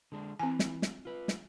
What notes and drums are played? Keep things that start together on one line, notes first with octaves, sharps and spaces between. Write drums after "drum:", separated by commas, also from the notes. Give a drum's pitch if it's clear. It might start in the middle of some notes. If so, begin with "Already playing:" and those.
D3 G#3 D4
E3 C4 G#5
drum: snare
drum: snare
F4 B4
drum: snare